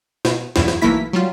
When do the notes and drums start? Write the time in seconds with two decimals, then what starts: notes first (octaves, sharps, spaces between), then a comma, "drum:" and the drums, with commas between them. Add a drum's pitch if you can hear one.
0.25 B2, drum: snare
0.56 B1 E2 G2 E4, drum: snare
0.68 drum: snare
0.82 B1 E3 A3 A#3 E4 B6
1.13 F#3 G3 F4